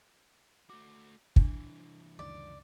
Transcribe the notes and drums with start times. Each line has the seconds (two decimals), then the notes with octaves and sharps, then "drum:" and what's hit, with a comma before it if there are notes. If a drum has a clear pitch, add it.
0.70 A3 F#4 D6
1.36 C2 E3 D4, drum: kick
2.19 C#2 F#2 D#3 D5